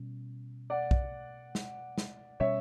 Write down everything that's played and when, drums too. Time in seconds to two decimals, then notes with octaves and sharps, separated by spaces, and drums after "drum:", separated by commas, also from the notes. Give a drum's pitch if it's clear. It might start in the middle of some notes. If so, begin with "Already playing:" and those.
Already playing: B2 G3 C#4
0.70 D5 F#5
0.91 drum: kick
1.55 drum: snare
1.98 drum: snare
2.40 B2 G3 C#4 C#5 E5